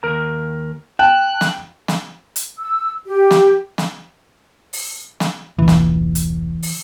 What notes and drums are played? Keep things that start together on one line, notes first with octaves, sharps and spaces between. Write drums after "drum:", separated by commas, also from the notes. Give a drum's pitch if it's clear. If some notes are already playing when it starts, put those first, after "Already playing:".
D#2 A#4 A#5
G5 A5 F#6
drum: snare
drum: snare
drum: hi-hat
E6
G4
drum: snare
drum: snare
drum: open hi-hat
drum: snare
E1 C2 A#2 E3
drum: snare
drum: hi-hat
drum: open hi-hat